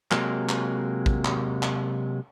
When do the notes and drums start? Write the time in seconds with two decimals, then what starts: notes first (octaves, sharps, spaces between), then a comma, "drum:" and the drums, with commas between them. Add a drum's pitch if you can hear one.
0.11 C3 F#3 G#3 A#3, drum: clap
0.49 drum: clap
1.06 drum: kick
1.25 drum: clap
1.63 drum: clap